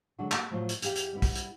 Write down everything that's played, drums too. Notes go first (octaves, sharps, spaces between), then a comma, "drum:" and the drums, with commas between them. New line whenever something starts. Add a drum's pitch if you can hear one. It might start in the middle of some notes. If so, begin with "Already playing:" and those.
D3 F#3 G#3 D4 F#4
A#3 F#4, drum: clap
A2 F3 F#3 F4
drum: hi-hat
E2 G4 E5 F5, drum: hi-hat
drum: hi-hat
G3 B3 E4
drum: kick, open hi-hat
drum: hi-hat